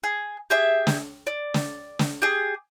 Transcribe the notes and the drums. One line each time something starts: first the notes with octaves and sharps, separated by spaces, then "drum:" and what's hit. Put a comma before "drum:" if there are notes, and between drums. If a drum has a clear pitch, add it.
G#4
G4 G#4 E5
drum: snare
D5
drum: snare
drum: snare
G4 G#4